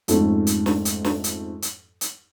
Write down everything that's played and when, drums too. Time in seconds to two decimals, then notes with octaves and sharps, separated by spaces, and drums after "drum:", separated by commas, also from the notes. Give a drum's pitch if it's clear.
0.08 F2 G#2 A3 C#4, drum: hi-hat
0.47 drum: hi-hat
0.66 drum: snare
0.85 drum: hi-hat
1.04 drum: snare
1.24 drum: hi-hat
1.62 drum: hi-hat
2.01 drum: hi-hat